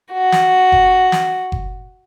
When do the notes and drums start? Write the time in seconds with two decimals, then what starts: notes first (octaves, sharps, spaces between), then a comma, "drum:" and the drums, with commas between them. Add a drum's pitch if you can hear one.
0.12 F#4
0.32 drum: snare
0.72 drum: kick F#1
1.12 drum: snare
1.52 drum: kick F#1